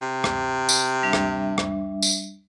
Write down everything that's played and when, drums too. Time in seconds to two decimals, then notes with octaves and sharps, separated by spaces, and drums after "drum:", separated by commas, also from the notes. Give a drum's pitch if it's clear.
0.02 C3
0.24 drum: rim click
0.69 drum: tambourine
1.03 G3 D4 E5
1.13 drum: rim click
1.58 drum: rim click
2.02 drum: tambourine